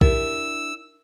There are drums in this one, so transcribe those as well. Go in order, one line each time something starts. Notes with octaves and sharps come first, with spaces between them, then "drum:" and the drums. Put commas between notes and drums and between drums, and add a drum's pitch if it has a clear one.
D4 E4 G4 A#4 E6, drum: kick B1